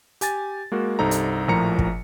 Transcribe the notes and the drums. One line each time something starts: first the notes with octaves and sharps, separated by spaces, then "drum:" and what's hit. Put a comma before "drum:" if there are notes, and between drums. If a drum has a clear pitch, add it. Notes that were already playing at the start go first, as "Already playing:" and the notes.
G4 G#5 A6, drum: hi-hat
G#3 A#3 F#4 A#4
C2 G2 D#4 A4 C5 A#5
drum: hi-hat
A#1 A2 F3 A#4 A#5 C#7
drum: kick